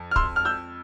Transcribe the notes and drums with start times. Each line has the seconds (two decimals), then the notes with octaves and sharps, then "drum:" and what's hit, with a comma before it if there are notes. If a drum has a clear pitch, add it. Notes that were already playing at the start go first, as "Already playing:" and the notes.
Already playing: F2
0.11 F6
0.16 C6 E6, drum: kick
0.36 F6
0.45 E6 G6